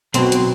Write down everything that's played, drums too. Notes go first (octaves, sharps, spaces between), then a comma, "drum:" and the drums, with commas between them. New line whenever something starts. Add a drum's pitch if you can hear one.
B1 B2 C4, drum: hi-hat
drum: hi-hat